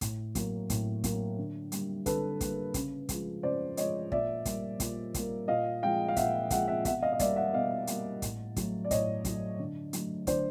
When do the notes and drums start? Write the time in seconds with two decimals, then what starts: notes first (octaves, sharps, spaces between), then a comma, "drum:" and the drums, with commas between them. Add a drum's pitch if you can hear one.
0.01 A2, drum: kick, hi-hat
0.35 F#3 A#3, drum: kick, hi-hat
0.70 A2, drum: kick, hi-hat
1.04 F#3 A#3, drum: kick, hi-hat
1.38 D3
1.72 G3 A#3, drum: hi-hat
2.06 D3 A4 B4, drum: kick, hi-hat
2.41 G3 A#3, drum: kick, hi-hat
2.74 C#3, drum: kick, hi-hat
3.09 F3 G#3, drum: kick, hi-hat
3.43 C#3 C5 D5
3.77 F3 G#3 C#5 D#5, drum: hi-hat
4.12 A#2 D5 E5, drum: kick
4.45 G3 A#3, drum: kick, hi-hat
4.80 A#2, drum: kick, hi-hat
5.14 G3 A#3, drum: kick, hi-hat
5.48 A#2 D#5 F5
5.83 F3 G#3 F5 G5
6.08 F5
6.16 A#2 E5 F#5, drum: kick, hi-hat
6.50 F3 G#3 E5 F#5, drum: kick, hi-hat
6.68 E5 F#5
6.85 B2 E5 F#5, drum: kick, hi-hat
7.02 D#5 F5
7.13 D#5
7.19 G3 A#3 D5 E5, drum: kick, hi-hat
7.36 E5 F#5
7.54 B2 D#5 F5
7.87 G3 A#3, drum: hi-hat
8.22 A2, drum: kick, hi-hat
8.56 F#3 A3, drum: kick, hi-hat
8.84 D5
8.91 A2 C#5 D#5, drum: kick, hi-hat
9.25 F#3 A3, drum: kick, hi-hat
9.59 D3
9.93 F#3 A3, drum: hi-hat
10.27 D3 C5 D5, drum: kick, hi-hat